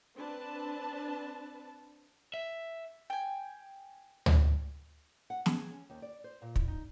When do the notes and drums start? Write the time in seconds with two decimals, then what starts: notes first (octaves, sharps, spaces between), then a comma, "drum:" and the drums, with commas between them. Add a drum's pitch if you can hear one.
0.15 C4 D4 B4 A5
2.34 E5
3.10 G5 G#5
4.26 drum: tom D2
5.30 F#5
5.46 G#4, drum: snare
5.71 C#4
5.90 D#2
6.02 D5
6.24 C5
6.42 A#2
6.56 E4, drum: kick
6.67 D#4